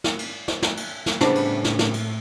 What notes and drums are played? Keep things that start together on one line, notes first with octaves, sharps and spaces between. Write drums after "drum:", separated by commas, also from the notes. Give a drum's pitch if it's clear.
drum: snare
drum: cymbal
drum: snare
drum: snare
drum: cymbal
drum: snare
A2 C#3 G3 A3 B3 D4 C5, drum: snare
drum: cymbal
drum: snare
drum: snare
drum: cymbal